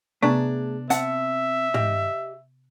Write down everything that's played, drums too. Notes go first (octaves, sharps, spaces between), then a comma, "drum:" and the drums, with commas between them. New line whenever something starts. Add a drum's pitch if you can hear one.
C3 A3 B3 D4 G#4 A5
C4 E5 F#5 A5, drum: hi-hat
G4 D#5 F5, drum: tom